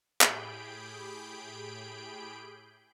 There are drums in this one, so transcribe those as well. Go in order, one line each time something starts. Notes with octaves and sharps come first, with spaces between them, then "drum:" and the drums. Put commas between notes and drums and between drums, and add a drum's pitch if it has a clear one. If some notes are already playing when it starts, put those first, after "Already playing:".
A2 G4 G#4 B5 G6 D7, drum: clap